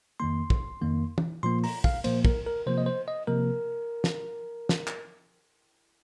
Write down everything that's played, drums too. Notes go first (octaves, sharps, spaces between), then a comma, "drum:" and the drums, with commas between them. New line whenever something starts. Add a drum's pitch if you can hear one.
F2 D#3 A#3 C6
drum: kick
F2 D#3 A#3
drum: tom
A#2 F3 A#3 C6
A#5, drum: open hi-hat
F5, drum: kick
A#2 F3 A#3 C5, drum: cymbal
A#4, drum: kick
A#4
C3 F3 A#3 C5
D#5
C5
D#5
C3 F3 A#3 A#4
drum: snare
drum: snare
drum: clap